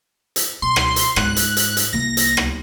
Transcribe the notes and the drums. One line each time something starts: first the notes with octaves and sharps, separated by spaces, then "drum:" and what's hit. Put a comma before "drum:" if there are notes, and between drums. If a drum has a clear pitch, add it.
drum: hi-hat
B2 C6
drum: rim click
drum: hi-hat
G#2 F#6, drum: rim click
drum: hi-hat
drum: hi-hat
drum: hi-hat
C2 A#3 A#6
drum: hi-hat
drum: rim click